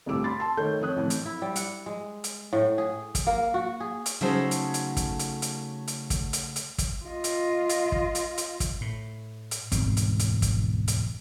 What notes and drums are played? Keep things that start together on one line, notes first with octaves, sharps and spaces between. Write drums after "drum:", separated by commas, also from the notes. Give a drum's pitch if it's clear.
G1 C2 A2 G4 D6 E6
B5 C6 A6
A5 C6
D#3 A3 A4 C#5 G6
F2 C#5 D#6 F#6
F2 A2 E3
drum: hi-hat
E4
G3
F#5, drum: hi-hat
G#3
drum: hi-hat
A2
G#4
drum: kick, hi-hat
A#3
F#4
G#4
drum: hi-hat
C#3 F#3 A3 D#4 A4 C5
drum: hi-hat
drum: hi-hat
drum: kick, hi-hat
drum: hi-hat
drum: hi-hat
drum: hi-hat
drum: kick, hi-hat
drum: hi-hat
drum: hi-hat
drum: kick, hi-hat
F4 D#5
drum: hi-hat
drum: hi-hat
drum: kick
drum: hi-hat
drum: hi-hat
drum: kick, hi-hat
A2
drum: hi-hat
E1 D2 G#2 C4, drum: kick, hi-hat
drum: hi-hat
drum: hi-hat
drum: kick, hi-hat
drum: hi-hat